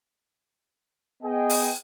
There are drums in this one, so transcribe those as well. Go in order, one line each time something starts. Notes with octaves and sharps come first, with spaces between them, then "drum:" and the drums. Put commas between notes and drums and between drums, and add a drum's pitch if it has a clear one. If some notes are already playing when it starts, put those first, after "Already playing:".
B3 G#4 D#5 G5
drum: open hi-hat